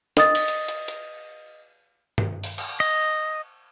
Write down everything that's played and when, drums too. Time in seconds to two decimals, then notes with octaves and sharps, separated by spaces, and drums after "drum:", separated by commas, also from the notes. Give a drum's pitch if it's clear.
0.17 D#5 D#6 A6, drum: snare
0.35 drum: cymbal
0.48 drum: hi-hat
0.68 drum: hi-hat
0.88 drum: hi-hat
2.18 drum: tom G2
2.43 drum: open hi-hat
2.58 drum: cymbal
2.80 D#5